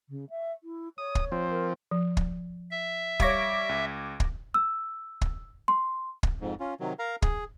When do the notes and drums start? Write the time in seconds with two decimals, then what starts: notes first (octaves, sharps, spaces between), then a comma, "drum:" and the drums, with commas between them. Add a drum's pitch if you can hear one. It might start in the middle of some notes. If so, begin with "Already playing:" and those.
0.09 C#3
0.30 E5
0.63 E4
0.98 C#5 D#6
1.15 drum: kick
1.32 F3 C4
1.49 A#4
1.91 F3
2.17 drum: kick
2.71 E5
3.20 G3 C#5 F5 C#6 D6 G#6 A#6, drum: kick
3.69 C#2
4.20 drum: kick
4.54 E6
5.21 drum: kick
5.68 C6
6.23 drum: kick
6.41 F2 G#2
6.60 C#4 F4
6.80 C3 D#3 F#3
6.99 A#4 F5 A#5
7.22 G#4, drum: kick